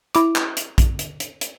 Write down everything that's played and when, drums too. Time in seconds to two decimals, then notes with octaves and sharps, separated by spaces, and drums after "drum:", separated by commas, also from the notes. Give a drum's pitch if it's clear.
0.15 E4 D6, drum: hi-hat
0.36 drum: clap
0.57 drum: hi-hat
0.78 drum: kick, hi-hat
0.99 drum: hi-hat
1.20 drum: hi-hat
1.41 drum: hi-hat